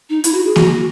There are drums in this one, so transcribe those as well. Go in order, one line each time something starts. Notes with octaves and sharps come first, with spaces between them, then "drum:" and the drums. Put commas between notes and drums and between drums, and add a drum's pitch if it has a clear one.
D#4
E4, drum: hi-hat
F#4
G#4
F#4, drum: snare A#3